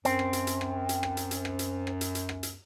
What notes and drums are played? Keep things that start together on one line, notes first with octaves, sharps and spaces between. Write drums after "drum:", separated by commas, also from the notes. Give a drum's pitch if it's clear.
F#2 C4, drum: hi-hat
drum: rim click
drum: hi-hat
drum: hi-hat
drum: rim click
drum: hi-hat
drum: rim click
drum: hi-hat
drum: hi-hat
drum: rim click
drum: hi-hat
drum: rim click
drum: hi-hat
drum: hi-hat
drum: rim click
drum: hi-hat